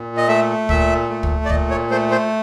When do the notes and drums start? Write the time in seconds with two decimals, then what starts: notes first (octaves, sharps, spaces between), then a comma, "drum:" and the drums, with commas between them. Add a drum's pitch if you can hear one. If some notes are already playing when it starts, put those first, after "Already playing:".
Already playing: A#2
0.17 D#5
0.28 A3 E5
0.69 A#2 E5, drum: kick
1.09 A3
1.23 drum: kick
1.46 D5
1.49 A#2 D#5, drum: kick
1.70 C#5
1.90 A3 C5
2.11 C5